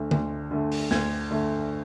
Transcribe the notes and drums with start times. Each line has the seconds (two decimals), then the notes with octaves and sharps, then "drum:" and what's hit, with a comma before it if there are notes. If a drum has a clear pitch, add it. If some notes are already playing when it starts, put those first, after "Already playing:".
Already playing: D2 D3 A3
0.11 D2, drum: tom D3
0.51 D3 A3
0.72 drum: open hi-hat
0.91 D2 G#6, drum: snare
1.31 D3 A3